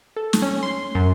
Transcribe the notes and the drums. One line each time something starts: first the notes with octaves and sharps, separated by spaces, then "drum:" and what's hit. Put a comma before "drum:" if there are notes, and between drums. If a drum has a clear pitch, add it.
A4
drum: snare
C#4
C6
F#2